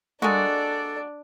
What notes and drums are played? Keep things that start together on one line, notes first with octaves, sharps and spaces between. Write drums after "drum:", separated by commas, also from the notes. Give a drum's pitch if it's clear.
G#3 A#3 D4 F#4 A4 D5, drum: tom G3